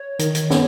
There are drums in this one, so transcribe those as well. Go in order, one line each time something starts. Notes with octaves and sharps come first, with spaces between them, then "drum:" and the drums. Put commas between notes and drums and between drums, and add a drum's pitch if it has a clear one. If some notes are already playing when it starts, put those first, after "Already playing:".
Already playing: C#5
D#3, drum: hi-hat
drum: hi-hat
B3, drum: snare